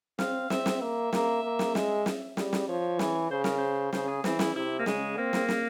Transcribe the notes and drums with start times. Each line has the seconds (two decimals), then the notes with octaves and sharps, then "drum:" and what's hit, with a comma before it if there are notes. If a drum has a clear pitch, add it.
0.19 C4 F5, drum: snare
0.50 C4 E5, drum: snare
0.66 drum: snare
0.81 A#3 E5
1.13 A#3, drum: snare
1.43 A#3
1.59 drum: snare
1.75 G#3, drum: snare
2.06 drum: snare
2.37 G3, drum: snare
2.53 drum: snare
2.68 F3 C#5
2.99 E3, drum: snare
3.30 C#3 C5
3.44 A#4, drum: snare
3.58 C5
3.93 C#3 C5, drum: snare
4.08 G#4
4.24 E3 C4, drum: snare
4.39 E4, drum: snare
4.55 C3 E4
4.79 A#3
4.86 C#3 G#3, drum: snare
5.18 A#3 C4
5.33 drum: snare
5.49 drum: snare